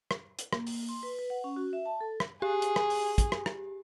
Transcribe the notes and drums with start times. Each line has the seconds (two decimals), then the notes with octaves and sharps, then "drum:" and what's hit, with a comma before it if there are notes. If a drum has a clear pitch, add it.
0.11 drum: rim click
0.39 drum: hi-hat
0.53 A#3, drum: rim click
0.67 drum: open hi-hat
0.89 C6
1.03 B4
1.19 B4
1.30 F#5
1.44 C#4
1.56 F#4
1.73 E5
1.85 A5
2.01 A4
2.20 drum: rim click
2.42 G4 G#4
2.62 drum: hi-hat
2.76 drum: rim click
2.90 drum: open hi-hat
3.18 drum: kick, hi-hat
3.32 drum: rim click
3.46 drum: rim click